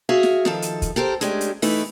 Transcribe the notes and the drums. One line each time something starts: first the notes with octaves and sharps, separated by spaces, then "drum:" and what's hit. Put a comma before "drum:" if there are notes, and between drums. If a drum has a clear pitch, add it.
F#4 G#4 E5 F5
drum: snare
D#3 F3 A4, drum: snare
drum: hi-hat
drum: kick, hi-hat
G4 A4 A#4 C5
G#3 A3 C#4 D4 G4, drum: hi-hat
drum: hi-hat
E3 A3 D#4 E4 B4, drum: open hi-hat